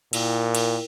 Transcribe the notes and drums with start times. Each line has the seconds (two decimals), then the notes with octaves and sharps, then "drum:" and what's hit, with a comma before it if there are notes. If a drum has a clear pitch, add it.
0.13 A#2 E4 A#4 G5, drum: cymbal
0.55 drum: cymbal